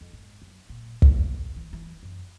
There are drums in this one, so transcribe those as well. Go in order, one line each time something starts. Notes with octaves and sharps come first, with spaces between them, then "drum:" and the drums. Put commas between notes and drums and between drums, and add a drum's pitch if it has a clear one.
F2
G#2
F#2
A#2
G1, drum: kick
G2
E3
E3
F#2